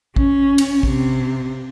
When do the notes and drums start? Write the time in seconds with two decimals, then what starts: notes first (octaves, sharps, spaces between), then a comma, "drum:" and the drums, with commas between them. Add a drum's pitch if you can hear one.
0.16 C#4, drum: kick A#1
0.58 drum: cymbal
0.83 C3, drum: kick A#1